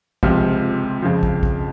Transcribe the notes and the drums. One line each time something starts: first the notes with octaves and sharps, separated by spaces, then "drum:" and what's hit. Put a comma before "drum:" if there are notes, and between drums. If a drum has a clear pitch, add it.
C#2 C3 F3, drum: kick
F2 C#3 F3
drum: kick
drum: kick